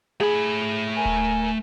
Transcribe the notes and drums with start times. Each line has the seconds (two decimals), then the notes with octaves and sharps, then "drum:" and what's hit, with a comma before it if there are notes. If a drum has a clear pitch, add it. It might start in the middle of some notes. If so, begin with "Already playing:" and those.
0.20 A3 G#4 B5
0.96 A#4 G#5
1.05 drum: kick D1